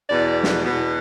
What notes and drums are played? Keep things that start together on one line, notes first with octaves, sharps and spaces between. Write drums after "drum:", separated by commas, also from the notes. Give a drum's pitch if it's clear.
E2 B2 D5
D5
drum: snare
E2 B2 B3